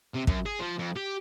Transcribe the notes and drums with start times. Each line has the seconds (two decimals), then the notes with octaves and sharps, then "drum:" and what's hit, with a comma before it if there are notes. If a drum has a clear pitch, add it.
0.14 C3
0.27 F#2, drum: kick
0.46 G#4
0.60 F3
0.78 F2
0.96 G4